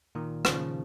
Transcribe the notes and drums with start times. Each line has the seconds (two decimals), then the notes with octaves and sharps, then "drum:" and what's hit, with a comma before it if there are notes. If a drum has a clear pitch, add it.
0.15 A#2 D#3
0.45 C#3 F3, drum: rim click